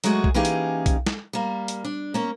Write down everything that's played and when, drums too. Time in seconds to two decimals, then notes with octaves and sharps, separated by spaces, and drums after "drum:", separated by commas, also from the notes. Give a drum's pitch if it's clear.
0.04 F#3 G#3 A3 F#4 G#4, drum: hi-hat
0.24 drum: kick B1
0.34 E3 A#3 C#4 D#4 G4 G#4
0.45 drum: hi-hat
0.86 drum: kick B1, hi-hat
1.07 drum: snare
1.33 G3 A#3
1.68 drum: hi-hat
1.85 D4
2.14 A#3 C#4